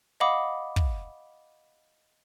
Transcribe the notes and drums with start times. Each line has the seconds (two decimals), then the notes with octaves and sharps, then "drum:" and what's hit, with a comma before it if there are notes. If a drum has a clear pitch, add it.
0.20 D#5 F5 F#5 B5 D6 D#6
0.76 drum: kick